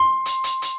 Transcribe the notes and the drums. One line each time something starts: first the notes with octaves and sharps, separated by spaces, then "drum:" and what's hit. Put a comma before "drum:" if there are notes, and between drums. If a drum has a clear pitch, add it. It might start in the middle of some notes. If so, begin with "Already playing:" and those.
Already playing: C6
drum: hi-hat
drum: hi-hat
drum: hi-hat